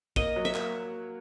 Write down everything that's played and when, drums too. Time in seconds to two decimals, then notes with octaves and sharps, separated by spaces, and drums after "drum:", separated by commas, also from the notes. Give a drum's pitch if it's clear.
0.16 A#3 D#5, drum: kick
0.36 F#3
0.45 E5
0.54 A#3, drum: clap